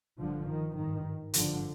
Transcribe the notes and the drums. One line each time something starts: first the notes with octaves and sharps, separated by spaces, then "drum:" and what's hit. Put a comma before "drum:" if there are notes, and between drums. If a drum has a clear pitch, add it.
G1 G2 D3 F3
D#3
G#1 G2 D#3
G#1 G2 D3 F3, drum: hi-hat